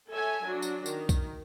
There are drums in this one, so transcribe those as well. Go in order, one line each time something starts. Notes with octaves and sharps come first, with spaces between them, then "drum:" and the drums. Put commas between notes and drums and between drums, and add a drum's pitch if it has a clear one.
A4 C#5 E5 G#5
F#3 D4 F#4
drum: tambourine
D#3, drum: tambourine
drum: kick B1, tambourine